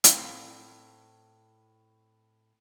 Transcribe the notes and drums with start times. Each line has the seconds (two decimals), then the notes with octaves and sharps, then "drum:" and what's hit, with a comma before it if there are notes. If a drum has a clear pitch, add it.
0.04 A2 C4 F5, drum: hi-hat